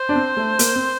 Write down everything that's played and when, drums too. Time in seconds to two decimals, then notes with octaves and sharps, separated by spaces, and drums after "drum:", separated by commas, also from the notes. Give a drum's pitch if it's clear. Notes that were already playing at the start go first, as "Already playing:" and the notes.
Already playing: C5
0.09 D4
0.15 C4
0.37 A3
0.59 A#3, drum: hi-hat
0.76 C4